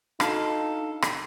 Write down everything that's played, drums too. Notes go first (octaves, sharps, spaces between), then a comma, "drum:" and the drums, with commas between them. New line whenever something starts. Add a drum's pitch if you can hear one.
D4 D#4 A4 F5 F6, drum: rim click
drum: rim click